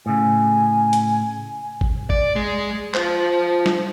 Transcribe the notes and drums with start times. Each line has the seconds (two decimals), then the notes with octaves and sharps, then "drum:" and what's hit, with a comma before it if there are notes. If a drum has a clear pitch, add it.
0.06 A2 C#3 G#5
0.93 drum: hi-hat
1.81 drum: kick
2.10 D5, drum: kick
2.36 G#3
2.94 F4 C5, drum: clap
3.66 drum: snare